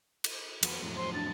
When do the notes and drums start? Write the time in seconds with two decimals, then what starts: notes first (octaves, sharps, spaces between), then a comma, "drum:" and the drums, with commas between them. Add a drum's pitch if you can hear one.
0.24 drum: cymbal
0.63 F2 F#4 B4, drum: cymbal
0.82 F2 A2 F#3
0.97 C5 C6
1.14 D4 A6